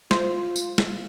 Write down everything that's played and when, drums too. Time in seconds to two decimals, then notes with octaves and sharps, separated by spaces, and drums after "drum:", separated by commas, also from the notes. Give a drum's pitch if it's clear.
0.11 F4 C5, drum: snare
0.56 drum: tambourine
0.78 drum: snare